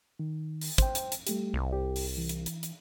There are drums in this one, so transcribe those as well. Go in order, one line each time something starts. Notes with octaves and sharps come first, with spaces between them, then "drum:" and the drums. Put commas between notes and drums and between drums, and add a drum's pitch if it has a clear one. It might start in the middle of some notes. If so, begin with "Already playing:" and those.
D#3
drum: open hi-hat
C5 G5, drum: kick, hi-hat
drum: hi-hat
drum: hi-hat
G3 A3 G4, drum: hi-hat
C2
G4
drum: open hi-hat
E3
drum: hi-hat
drum: hi-hat
drum: hi-hat